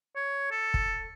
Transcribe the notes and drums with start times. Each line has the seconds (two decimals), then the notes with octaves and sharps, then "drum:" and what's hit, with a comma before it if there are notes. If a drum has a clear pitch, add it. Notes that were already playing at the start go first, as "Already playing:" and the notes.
0.16 C#5
0.51 A4
0.74 drum: kick